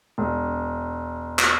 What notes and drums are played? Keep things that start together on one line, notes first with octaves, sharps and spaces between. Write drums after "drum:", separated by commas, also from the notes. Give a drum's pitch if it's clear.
E1
drum: clap